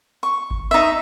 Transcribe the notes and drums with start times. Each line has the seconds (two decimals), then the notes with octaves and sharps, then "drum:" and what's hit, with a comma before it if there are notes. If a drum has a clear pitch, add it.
0.23 C#6
0.51 drum: kick G1
0.71 D#4 E5